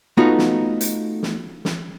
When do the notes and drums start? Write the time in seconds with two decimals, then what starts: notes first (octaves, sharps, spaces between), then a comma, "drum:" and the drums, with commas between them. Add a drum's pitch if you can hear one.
0.17 A3 B3 D#4 F4 F#4
0.38 drum: snare
0.81 drum: hi-hat
1.23 drum: snare
1.65 drum: snare